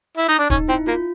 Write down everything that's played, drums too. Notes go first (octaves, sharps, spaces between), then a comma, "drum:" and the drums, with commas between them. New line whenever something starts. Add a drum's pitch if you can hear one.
E4
D#4
D4
C#4 D#4, drum: kick
C4 E4
A#3 F4